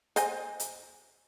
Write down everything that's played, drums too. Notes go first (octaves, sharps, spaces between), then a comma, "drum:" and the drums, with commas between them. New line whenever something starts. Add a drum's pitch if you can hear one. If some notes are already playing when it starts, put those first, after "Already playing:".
C5 D#5 G#5, drum: hi-hat
drum: hi-hat